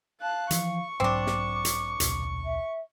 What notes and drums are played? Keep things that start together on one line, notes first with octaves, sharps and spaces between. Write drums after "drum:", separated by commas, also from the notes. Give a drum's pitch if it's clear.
F5 A5 F#6
E3 F3 C#6, drum: hi-hat
B1 G#2 F#3 C4 D4 D6
drum: snare
drum: hi-hat
D#1 B1, drum: hi-hat
E5